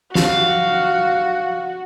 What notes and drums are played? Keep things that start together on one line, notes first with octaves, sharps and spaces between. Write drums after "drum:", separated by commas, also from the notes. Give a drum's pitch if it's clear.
F#4 F5, drum: snare